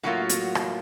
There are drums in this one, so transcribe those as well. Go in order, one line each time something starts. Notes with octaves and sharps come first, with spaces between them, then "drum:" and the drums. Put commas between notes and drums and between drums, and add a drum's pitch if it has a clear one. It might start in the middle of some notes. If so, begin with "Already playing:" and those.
A2 F#3 A#3 F4 F#4
drum: hi-hat
drum: rim click